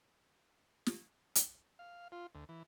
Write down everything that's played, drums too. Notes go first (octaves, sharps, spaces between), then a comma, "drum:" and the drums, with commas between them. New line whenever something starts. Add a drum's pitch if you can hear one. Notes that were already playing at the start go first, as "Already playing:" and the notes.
drum: snare
drum: hi-hat
F5
F4
D2
E3